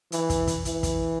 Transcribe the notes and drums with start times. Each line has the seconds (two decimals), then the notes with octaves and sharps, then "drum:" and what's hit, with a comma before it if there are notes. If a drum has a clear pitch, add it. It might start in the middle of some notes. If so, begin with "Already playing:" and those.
0.12 E3, drum: hi-hat
0.30 drum: kick, hi-hat
0.47 drum: kick, hi-hat
0.65 E3, drum: hi-hat
0.83 drum: kick, hi-hat